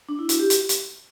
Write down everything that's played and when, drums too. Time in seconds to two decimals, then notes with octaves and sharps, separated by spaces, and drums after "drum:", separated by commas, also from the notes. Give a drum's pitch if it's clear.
0.09 D4
0.19 E4
0.29 F#4, drum: hi-hat
0.39 G4
0.50 drum: hi-hat
0.69 drum: hi-hat